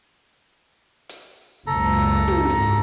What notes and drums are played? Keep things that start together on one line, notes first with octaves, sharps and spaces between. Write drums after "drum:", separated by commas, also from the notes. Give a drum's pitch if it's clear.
drum: hi-hat
F#1 C#2 A4 A#5
drum: tom
G#2, drum: hi-hat